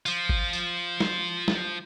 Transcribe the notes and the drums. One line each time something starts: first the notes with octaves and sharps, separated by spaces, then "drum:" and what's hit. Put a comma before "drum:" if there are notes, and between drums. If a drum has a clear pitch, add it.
F3 F4, drum: tambourine
drum: kick G1
drum: tambourine
drum: snare
drum: snare